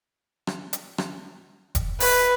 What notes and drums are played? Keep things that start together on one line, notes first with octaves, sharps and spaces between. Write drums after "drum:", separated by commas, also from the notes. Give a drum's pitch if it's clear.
drum: rim click
drum: hi-hat
drum: rim click
drum: kick E1, hi-hat
B4, drum: open hi-hat